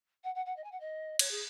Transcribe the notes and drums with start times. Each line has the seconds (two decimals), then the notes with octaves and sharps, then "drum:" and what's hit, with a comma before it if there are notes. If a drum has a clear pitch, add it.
0.24 F#5
0.35 F#5
0.46 F#5
0.56 D#5
0.64 G#5
0.72 F#5
0.80 D#5
1.19 C#5, drum: cymbal
1.31 G#4